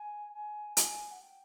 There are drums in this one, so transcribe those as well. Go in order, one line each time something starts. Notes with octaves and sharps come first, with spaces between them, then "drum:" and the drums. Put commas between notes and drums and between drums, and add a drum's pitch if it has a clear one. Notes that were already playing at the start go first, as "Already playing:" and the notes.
Already playing: G#5
G#5
G#5, drum: hi-hat
F#5
G5